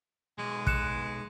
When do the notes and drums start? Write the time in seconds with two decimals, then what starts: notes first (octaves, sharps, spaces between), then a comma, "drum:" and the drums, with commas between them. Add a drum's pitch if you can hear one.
0.38 B1 G#3
0.67 F#6 C#7 E7, drum: kick